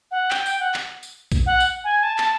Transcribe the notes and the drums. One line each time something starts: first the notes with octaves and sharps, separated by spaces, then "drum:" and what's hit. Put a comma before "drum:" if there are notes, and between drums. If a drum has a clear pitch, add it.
F#5
G5, drum: clap
G5, drum: tambourine
F#5
drum: clap
drum: tambourine
drum: kick A#1, tambourine
F#5
drum: tambourine
G#5
A5
A5, drum: clap